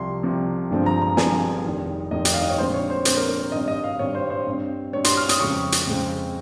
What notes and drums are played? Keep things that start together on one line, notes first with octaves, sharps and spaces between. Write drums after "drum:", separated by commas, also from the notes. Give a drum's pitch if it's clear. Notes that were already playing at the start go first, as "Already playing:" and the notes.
Already playing: C2 C3 F3 C6
C2 C3 F3
G1 G2 F3 G#3 C4
A#5
A#5
G1 G2 F3 G#3 C4 G#5, drum: snare
F1 F2 D#3
F1 F2 D#3 D#5
G5, drum: hi-hat
F5
D#5
C#5
A#1 A#2 G#3 C4 C5
C#5
C5
A#1 A#2 G#3 C4 C5, drum: hi-hat
A#4
A#4
C#5
G#1 G2 G3 C4 D#5
D#5
F5
G#1 G2 G3 C4 C#5
C5
C5
G2 G3 C4
G2 G3 C4 C#5
C6, drum: hi-hat
F6
D#6, drum: hi-hat
F2 C#3 G#3 C4 C#6
drum: hi-hat
F2 C#3 G#3 C4